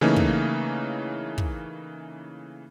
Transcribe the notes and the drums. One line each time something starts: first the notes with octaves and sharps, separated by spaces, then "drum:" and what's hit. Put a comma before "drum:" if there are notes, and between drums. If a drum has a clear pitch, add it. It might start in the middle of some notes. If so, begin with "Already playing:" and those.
C#3 E3 A3 A#3 C#4 D#4
drum: kick
drum: kick